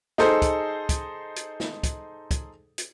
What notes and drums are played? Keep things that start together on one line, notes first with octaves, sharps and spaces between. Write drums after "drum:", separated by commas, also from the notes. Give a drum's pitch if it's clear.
D#4 G#4 A4 C5, drum: snare
drum: kick, hi-hat
drum: kick, hi-hat
drum: hi-hat
drum: snare
drum: kick, hi-hat
drum: kick, hi-hat
drum: hi-hat